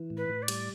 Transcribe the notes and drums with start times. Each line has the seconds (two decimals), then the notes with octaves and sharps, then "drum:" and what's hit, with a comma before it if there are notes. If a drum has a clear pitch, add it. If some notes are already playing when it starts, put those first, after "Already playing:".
Already playing: E3
0.10 A2
0.17 B4
0.29 A2
0.42 D5
0.48 G3, drum: cymbal